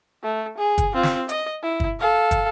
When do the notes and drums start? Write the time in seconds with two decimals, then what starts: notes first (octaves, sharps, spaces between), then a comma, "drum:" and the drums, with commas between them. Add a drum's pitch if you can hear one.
0.23 A3
0.58 G#4
0.78 drum: kick, hi-hat
0.94 C4 F4
1.03 drum: snare
1.29 D#5, drum: hi-hat
1.62 E4
1.80 drum: kick
1.99 A4 F5
2.31 drum: kick, hi-hat